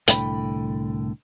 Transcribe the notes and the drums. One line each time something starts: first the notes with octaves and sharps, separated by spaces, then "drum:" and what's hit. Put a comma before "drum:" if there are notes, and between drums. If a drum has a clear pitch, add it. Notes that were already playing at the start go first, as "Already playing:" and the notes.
C2 A2 D3 G5 B5, drum: hi-hat